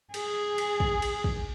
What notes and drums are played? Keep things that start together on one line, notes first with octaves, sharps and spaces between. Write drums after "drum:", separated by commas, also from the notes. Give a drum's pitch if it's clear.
G#4, drum: cymbal
drum: cymbal
drum: kick
drum: cymbal
drum: kick